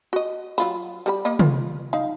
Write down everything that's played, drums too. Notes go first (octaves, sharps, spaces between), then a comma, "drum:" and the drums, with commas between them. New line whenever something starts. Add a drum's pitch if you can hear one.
F#4 D#5
F#3 F4 B5, drum: hi-hat
G3 A#4 B5
A#3 D#5 B5
F4, drum: tom
D#4 F5